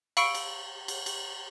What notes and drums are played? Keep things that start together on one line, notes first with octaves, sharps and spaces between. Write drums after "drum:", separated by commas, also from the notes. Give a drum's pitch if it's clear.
F5 B5 C#6 E6 C#7 D7, drum: cymbal
drum: cymbal
drum: cymbal
drum: cymbal